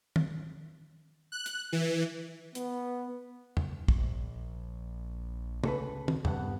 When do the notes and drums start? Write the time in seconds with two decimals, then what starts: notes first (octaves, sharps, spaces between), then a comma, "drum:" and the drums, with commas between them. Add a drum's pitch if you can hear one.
0.16 drum: tom
1.32 F#6
1.46 drum: hi-hat
1.73 E3
2.55 B3, drum: hi-hat
3.57 drum: tom E2
3.88 drum: kick
3.98 A#1
5.64 C#2 A4 B4, drum: tom
6.08 drum: tom
6.25 C2 G2 B3 F#5, drum: tom E2